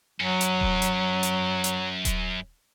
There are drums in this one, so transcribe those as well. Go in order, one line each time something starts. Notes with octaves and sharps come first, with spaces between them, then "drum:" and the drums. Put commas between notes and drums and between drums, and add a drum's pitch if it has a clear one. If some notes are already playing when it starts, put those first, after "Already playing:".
F#2 F#3 C#4
drum: hi-hat
drum: kick D#1
drum: hi-hat
drum: hi-hat
drum: hi-hat
drum: kick D#1, hi-hat